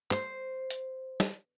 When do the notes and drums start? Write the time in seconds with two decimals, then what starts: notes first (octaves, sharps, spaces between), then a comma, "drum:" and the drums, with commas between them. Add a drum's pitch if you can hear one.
0.11 C5, drum: clap
0.70 drum: hi-hat
1.20 drum: snare